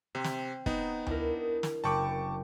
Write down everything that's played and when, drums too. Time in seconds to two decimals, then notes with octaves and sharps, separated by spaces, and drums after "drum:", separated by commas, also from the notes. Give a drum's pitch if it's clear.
0.15 C3 C4
0.24 drum: snare
0.66 B3 D#4, drum: kick
1.06 D4 E4 A#4, drum: tom D2
1.63 drum: snare
1.84 F#1 G5 A5 B5 C#6 D6